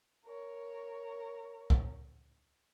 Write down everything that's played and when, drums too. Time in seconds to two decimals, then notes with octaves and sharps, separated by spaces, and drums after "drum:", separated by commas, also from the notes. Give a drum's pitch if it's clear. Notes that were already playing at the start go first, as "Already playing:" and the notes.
0.25 A#4 C#5
1.70 drum: kick